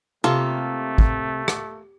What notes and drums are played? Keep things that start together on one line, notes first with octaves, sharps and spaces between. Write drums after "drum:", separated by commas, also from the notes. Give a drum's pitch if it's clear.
C3 A3 A#3 F4 A4
drum: kick
drum: rim click